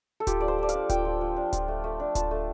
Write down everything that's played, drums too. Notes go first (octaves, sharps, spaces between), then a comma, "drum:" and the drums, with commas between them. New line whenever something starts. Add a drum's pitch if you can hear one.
A4
F4 G4, drum: kick D1, hi-hat
F3 D5
C5
F3 D5
F5, drum: hi-hat
D4
F4 G5, drum: kick D1, hi-hat
F3
F3
D4
F4, drum: kick D1, hi-hat
A3
A3
D4
F4 A5, drum: kick D1, hi-hat
A3